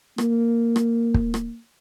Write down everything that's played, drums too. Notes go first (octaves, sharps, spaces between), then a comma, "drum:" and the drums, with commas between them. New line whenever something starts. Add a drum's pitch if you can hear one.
A#3, drum: rim click
drum: rim click
drum: kick
drum: rim click